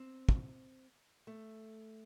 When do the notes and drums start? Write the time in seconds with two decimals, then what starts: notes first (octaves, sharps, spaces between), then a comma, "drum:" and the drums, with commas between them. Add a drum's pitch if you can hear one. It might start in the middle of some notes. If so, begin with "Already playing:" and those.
Already playing: C4
0.29 drum: kick
1.27 A3